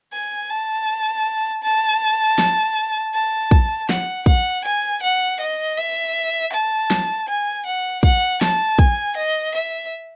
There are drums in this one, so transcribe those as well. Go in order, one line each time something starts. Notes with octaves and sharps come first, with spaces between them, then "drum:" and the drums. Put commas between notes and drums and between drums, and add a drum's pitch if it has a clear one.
G#5
A5
A5
drum: snare
A5
drum: kick
F#5, drum: snare
F#5, drum: kick
G#5
F#5
D#5
E5
A5
drum: snare
G#5
F#5
F#5, drum: kick
A5, drum: snare
G#5, drum: kick
D#5
E5